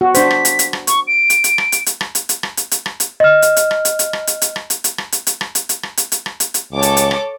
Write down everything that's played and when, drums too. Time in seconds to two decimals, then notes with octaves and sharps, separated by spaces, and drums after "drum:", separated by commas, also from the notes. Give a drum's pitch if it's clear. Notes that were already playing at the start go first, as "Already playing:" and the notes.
0.01 F#4
0.15 D4 C5 B6, drum: hi-hat
0.31 drum: rim click
0.45 drum: hi-hat
0.59 drum: hi-hat
0.73 drum: rim click
0.87 C#6, drum: hi-hat
1.07 D7
1.30 drum: hi-hat
1.44 drum: hi-hat
1.58 drum: rim click
1.72 drum: hi-hat
1.86 drum: hi-hat
2.01 drum: rim click
2.15 drum: hi-hat
2.29 drum: hi-hat
2.43 drum: rim click
2.57 drum: hi-hat
2.71 drum: hi-hat
2.86 drum: rim click
3.00 drum: hi-hat
3.20 D#5 F6
3.42 drum: hi-hat
3.56 drum: hi-hat
3.71 drum: rim click
3.85 drum: hi-hat
3.99 drum: hi-hat
4.13 drum: rim click
4.27 drum: hi-hat
4.42 drum: hi-hat
4.56 drum: rim click
4.70 drum: hi-hat
4.84 drum: hi-hat
4.98 drum: rim click
5.12 drum: hi-hat
5.27 drum: hi-hat
5.41 drum: rim click
5.55 drum: hi-hat
5.69 drum: hi-hat
5.83 drum: rim click
5.97 drum: hi-hat
6.12 drum: hi-hat
6.26 drum: rim click
6.40 drum: hi-hat
6.54 drum: hi-hat
6.73 C#2 A4 C#5 D6
6.82 drum: hi-hat
6.97 drum: hi-hat
7.11 drum: rim click